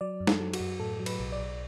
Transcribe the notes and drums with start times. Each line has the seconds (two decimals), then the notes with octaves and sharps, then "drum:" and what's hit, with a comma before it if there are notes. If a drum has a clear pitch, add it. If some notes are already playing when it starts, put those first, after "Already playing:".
0.01 F#3 D5
0.20 F#2
0.27 A4, drum: snare
0.40 F#3
0.54 F#4, drum: cymbal
0.60 F#2
0.80 A2 A4
1.00 F#3
1.06 B4, drum: cymbal
1.19 B1
1.32 D5
1.39 B1